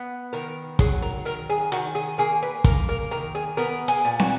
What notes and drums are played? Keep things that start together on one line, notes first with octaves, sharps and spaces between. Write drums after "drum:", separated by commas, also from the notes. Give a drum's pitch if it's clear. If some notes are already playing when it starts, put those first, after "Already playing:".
Already playing: B3
D#3 A#4
F#3 G#4, drum: kick, hi-hat
A#4
D#3 A#4
G#4
D#3 F#4, drum: hi-hat
G#4
A#3 G#4
B4
A#3 A#4, drum: kick, hi-hat
A#4
D#3 A#4
G#4
B3 A#4
G#4, drum: hi-hat
A#2
F#4, drum: snare